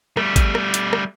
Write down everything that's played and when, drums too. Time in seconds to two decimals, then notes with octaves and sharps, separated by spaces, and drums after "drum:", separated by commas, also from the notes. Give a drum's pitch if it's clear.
0.17 G3 A3, drum: rim click
0.36 drum: kick G#1, hi-hat
0.55 drum: rim click
0.74 drum: hi-hat
0.93 drum: rim click